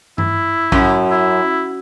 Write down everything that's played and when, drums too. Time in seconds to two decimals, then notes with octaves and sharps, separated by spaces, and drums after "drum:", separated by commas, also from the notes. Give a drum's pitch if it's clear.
0.18 E4, drum: tom G2
0.72 F#2, drum: kick A#1
1.11 E4